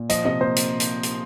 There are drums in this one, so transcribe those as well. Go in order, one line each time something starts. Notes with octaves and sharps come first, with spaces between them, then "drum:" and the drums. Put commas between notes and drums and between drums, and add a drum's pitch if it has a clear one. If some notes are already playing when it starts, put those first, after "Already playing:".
Already playing: A#2
F3 D#5, drum: hi-hat
C3 D#5
A#3 C5
drum: hi-hat
drum: hi-hat
drum: hi-hat